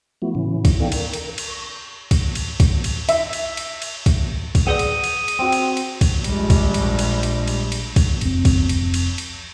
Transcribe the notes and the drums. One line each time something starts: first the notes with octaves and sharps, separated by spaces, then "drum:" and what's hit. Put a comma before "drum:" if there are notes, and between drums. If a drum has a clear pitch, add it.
F3 A3 B3 E4 F#4
A2 C#3 E3 C#4 E4
drum: kick, cymbal
B3 D#4 A4 D5 F5 G5
A#4, drum: cymbal
drum: cymbal
drum: cymbal
C#6 A#6
drum: kick, cymbal
drum: cymbal
drum: kick, cymbal
drum: cymbal
E5, drum: cymbal
drum: cymbal
drum: cymbal
drum: cymbal
drum: kick, cymbal
drum: kick, cymbal
G#4 B4 D5 F#5 D#6
drum: cymbal
drum: cymbal
drum: cymbal
C4 F#4 G5
drum: cymbal
drum: cymbal
drum: kick, cymbal
A#1 G3 G#3, drum: cymbal
drum: kick, cymbal
drum: cymbal
drum: cymbal
drum: cymbal
drum: cymbal
drum: cymbal
drum: kick, cymbal
F1 C4, drum: cymbal
drum: kick, cymbal
drum: cymbal
drum: cymbal
drum: cymbal